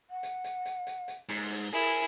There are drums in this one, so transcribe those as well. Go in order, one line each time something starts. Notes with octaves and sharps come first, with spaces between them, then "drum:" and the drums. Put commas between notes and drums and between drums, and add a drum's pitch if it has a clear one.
F#5
drum: hi-hat
drum: hi-hat
drum: hi-hat
drum: hi-hat
drum: hi-hat
G#2, drum: open hi-hat
drum: open hi-hat
E4 G#4 A#4, drum: open hi-hat